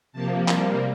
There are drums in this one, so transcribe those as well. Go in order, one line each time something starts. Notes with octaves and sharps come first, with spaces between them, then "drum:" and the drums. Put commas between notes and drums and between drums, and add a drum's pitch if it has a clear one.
C3 F3 A#3 A5
C3 G3 A#3 A5, drum: clap